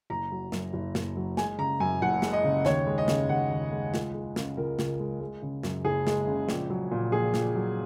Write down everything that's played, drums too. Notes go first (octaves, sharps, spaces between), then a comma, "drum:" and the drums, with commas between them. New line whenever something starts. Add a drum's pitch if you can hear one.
F#1 A#5
F#3
F#2, drum: snare
F#1
F#1, drum: snare
F#3
G#3 G#5, drum: snare
C#3 A#5
F#2 G#5
F#1 F#5
G#3, drum: snare
D#5
C#3
D#2 C#5, drum: snare
G#3
D#5
C#3, drum: snare
D#2 F#5
D#2
G#3
C#2, drum: snare
G#3
C#3, drum: snare
C#2 A#4
C#2, drum: snare
G#3
G#3
C#3
F#2, drum: snare
F#1 G#4
G#3, drum: snare
C#3
A#1, drum: snare
F#3
A#2
A#1 G#4
A#1, drum: snare
F#3